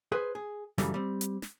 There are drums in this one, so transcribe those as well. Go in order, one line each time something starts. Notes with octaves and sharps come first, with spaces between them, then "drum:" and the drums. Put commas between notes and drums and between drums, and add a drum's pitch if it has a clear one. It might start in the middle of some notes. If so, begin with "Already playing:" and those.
G#4 B4 C5
G#4
F#2 C#3 E3 G3 A3, drum: snare
G3 C4
drum: hi-hat
drum: snare